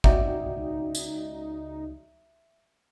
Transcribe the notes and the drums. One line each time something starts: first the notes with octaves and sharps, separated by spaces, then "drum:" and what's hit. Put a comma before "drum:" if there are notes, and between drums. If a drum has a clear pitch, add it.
C#2 D#4 F#4 D5 E5 G5, drum: kick
drum: tambourine